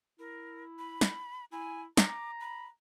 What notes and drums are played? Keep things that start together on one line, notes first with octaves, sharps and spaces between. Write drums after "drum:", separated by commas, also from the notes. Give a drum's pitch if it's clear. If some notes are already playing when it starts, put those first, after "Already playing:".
E4 A#4
B5
drum: snare
E4 G#5
A#5 D6, drum: snare
B5